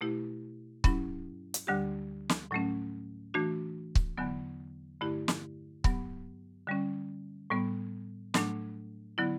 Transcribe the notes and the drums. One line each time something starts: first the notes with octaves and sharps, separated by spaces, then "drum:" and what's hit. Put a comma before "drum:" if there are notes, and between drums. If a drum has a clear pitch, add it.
B2 A3 E4 G4
G2 F#3 C#4 E4, drum: kick C#1
drum: hi-hat
D2 D3 G3 D4 G4
drum: snare
A2 F#3 A3 C#4
E3 A3 D4 F#4
drum: kick C#1
E2 D3 F#3 B3
G2 D3 A3 E4 G4
drum: snare
G2 F#3 B3, drum: kick C#1
D3 G3 C#4
A2 G3 B3
A2 F#3 A3 D4, drum: snare
D3 F#3 B3 E4